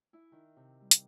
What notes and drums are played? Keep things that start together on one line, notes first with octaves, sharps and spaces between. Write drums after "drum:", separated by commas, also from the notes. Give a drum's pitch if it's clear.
E4
D#3
C3
G3
drum: hi-hat